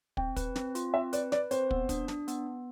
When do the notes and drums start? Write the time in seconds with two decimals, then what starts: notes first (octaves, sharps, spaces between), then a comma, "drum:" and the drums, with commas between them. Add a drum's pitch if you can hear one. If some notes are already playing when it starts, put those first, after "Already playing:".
0.17 C4 G5, drum: kick
0.36 B4, drum: kick, hi-hat
0.56 C4, drum: snare
0.75 F4, drum: hi-hat
0.94 C4 E5
1.13 B4 D5, drum: hi-hat
1.32 B4 D5, drum: snare
1.51 C4 C5, drum: hi-hat
1.71 B3, drum: kick
1.89 D4, drum: kick, hi-hat
2.08 D4, drum: snare
2.28 B3, drum: hi-hat
2.47 B3